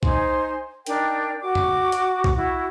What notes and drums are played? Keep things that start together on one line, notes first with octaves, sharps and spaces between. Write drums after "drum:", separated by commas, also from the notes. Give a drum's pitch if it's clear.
D#4 C5 G#5 C6, drum: kick B1
D4 D#4 A#4 G5, drum: hi-hat
F#4 D6
drum: tom F2
drum: hi-hat
drum: kick B1
E4 F#4